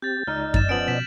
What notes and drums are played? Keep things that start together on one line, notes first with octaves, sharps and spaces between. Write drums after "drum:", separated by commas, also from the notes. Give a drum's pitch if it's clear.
C4 G4 G6 A6
C#2 D#4 D5 D#5 E6 F6
F#2 A6 E7, drum: kick F#2
F3 B3 C#4 D7 F#7
B2 B6 E7